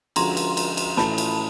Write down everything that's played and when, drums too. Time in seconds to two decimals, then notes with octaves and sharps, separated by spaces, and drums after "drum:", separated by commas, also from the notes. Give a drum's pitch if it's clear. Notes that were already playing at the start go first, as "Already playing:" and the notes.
0.16 D3 F3 G#3 C#4 F#4 A#5 C6, drum: cymbal
0.37 drum: cymbal
0.57 drum: cymbal
0.77 drum: cymbal
0.97 A2 E3 A3 C#4 A5 B5, drum: snare
1.18 drum: cymbal